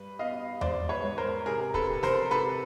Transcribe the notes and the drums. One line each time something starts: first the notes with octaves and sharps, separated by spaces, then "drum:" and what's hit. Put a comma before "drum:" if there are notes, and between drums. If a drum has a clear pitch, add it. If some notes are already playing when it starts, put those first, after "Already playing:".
Already playing: G2 B4
B3 D#5 F5
G#2 C5 D5, drum: tom E2
B4 C#5
G#2
A#4 C5
C3 G#4 A#4
A4 B4, drum: kick
C3
A#4 C5, drum: snare
C3 A4 B4